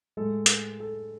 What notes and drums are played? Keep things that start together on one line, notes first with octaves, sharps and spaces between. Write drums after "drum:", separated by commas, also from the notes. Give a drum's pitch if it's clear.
A2 G#3 A4
drum: hi-hat
A4